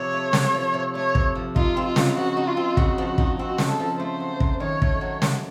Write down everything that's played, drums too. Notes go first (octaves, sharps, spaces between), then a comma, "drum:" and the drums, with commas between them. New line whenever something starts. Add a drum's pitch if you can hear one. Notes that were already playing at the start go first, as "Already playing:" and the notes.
Already playing: C3 F3 C#5
A3
C3, drum: snare
F3
C3
A3 C#5
C3, drum: kick
F3
D#4 F4, drum: kick
C4
F4
C#3, drum: snare
F3 F#4
D#4
F4
C4
C#3 F#4, drum: kick
F3
D#4, drum: kick
C4 F#4
C#3, drum: snare
A4
F3
A3 C5
F#3
F#2, drum: kick
D#3 C#5
A3, drum: kick
F#3
F#2, drum: snare